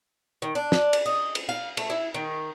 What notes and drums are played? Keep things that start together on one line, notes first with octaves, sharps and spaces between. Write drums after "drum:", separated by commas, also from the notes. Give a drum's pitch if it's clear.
D#3
D4
drum: snare
drum: cymbal
D#5
drum: cymbal
F5
A3, drum: cymbal
E4
D#3